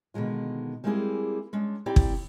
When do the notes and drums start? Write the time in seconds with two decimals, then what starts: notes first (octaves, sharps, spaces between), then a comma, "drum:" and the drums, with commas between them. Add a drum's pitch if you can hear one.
0.14 B2 D3 D#3 G#3 F4
0.84 G3 G#3 A#3 C4 E4 G#4
1.53 G#3 C#4 D4
1.86 C4 E4 G4 D5 G5 A#5
1.96 drum: kick